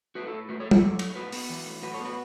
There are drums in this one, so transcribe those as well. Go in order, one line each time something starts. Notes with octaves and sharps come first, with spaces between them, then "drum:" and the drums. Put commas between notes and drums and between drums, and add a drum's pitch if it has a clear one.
A3 F#4 B4
E4 A4
A2
A3 F#4 B4
A4 C#5
A2
A4 C#5, drum: tom G3
F#3
A2, drum: cymbal
A2 F#4 B4
B3, drum: open hi-hat
E3
A2
A2 F#4 B4
A4 C#5
B3
F#4 B4